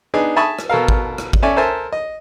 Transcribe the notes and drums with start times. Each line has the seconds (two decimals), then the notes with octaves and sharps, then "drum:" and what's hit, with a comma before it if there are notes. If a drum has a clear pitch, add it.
0.14 B3 D4 D#4 G#4
0.36 E5 G#5 A5 B5 C#6 D#6
0.59 drum: rim click
0.69 B2 A4 A#4 F5
0.88 drum: kick G#1
1.18 drum: rim click
1.33 drum: kick G#1
1.42 C#4 A4 D5 E5 G#5
1.56 A4 A#4 C5 E5 G#5 A5
1.93 D#5